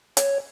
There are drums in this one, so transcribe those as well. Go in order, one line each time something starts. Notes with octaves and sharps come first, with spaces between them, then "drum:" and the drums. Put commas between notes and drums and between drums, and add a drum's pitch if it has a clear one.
C#5, drum: hi-hat